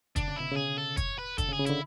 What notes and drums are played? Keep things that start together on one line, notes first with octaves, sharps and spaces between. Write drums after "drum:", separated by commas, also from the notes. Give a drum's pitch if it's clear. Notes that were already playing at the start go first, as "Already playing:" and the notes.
D3 D4, drum: kick, hi-hat
C#3
B2 E4
C#3 G#4
A4
C#5, drum: kick, hi-hat
B4
D3 A4, drum: kick, hi-hat
C#3
G#4
C#3
D3 E4, drum: hi-hat